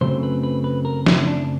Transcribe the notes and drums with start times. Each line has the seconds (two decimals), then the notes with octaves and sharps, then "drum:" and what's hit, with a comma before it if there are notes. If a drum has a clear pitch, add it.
0.01 F#2 C#3 F#3 A3 C4 C5
0.23 B4
0.43 B4
0.64 B4
0.85 A#4
1.06 E4, drum: snare
1.27 D4